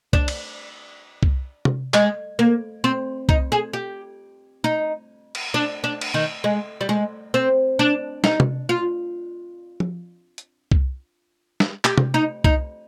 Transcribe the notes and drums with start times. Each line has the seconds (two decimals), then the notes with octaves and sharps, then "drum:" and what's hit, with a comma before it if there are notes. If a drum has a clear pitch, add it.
0.13 D4, drum: kick C2
0.28 drum: cymbal
1.23 drum: kick C2
1.65 drum: tom
1.94 G#3, drum: clap
2.39 A#3
2.84 C4
3.29 D#4, drum: kick C2
3.52 G#4
3.73 G4
4.64 D#4
5.35 drum: cymbal
5.54 D4
5.84 D4
6.01 drum: cymbal
6.14 D#3
6.44 G#3
6.81 G3
6.89 G#3
7.34 C4
7.79 D4
8.24 D#4, drum: snare
8.40 drum: tom
8.69 F4
9.80 drum: tom
10.38 drum: hi-hat
10.72 drum: kick C2
11.60 drum: snare
11.85 G4, drum: clap
11.98 drum: tom
12.14 D#4
12.44 D#4, drum: kick C2